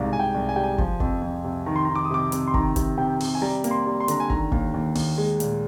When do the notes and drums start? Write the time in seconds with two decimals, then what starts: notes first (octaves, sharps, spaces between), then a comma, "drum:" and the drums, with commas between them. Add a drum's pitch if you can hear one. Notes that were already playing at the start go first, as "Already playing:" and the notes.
Already playing: C2 G#2 F5
0.12 C2 G#5
0.19 G5
0.35 C2
0.49 G#5
0.56 G3 G5
0.64 G#5
0.78 F3, drum: kick
1.00 F2, drum: kick
1.22 F2
1.44 C3
1.66 D#3 A#5
1.76 C6
1.85 D#3 A#5
1.95 D6
2.05 D#6
2.10 C3 D6
2.32 C3, drum: hi-hat
2.47 C6
2.54 D#3 A#5, drum: kick
2.76 C3, drum: kick, hi-hat
2.98 C3 G5
3.20 C3, drum: open hi-hat
3.35 G#5
3.42 G3 A#5
3.64 A#3, drum: hi-hat
3.71 C6
3.86 G3
4.00 C6
4.08 D3 A#5, drum: hi-hat
4.20 G#5
4.30 D#3 A#5, drum: kick
4.52 D#2, drum: kick
4.74 D#2
4.95 D#2, drum: open hi-hat
5.18 G#3
5.40 A#2, drum: hi-hat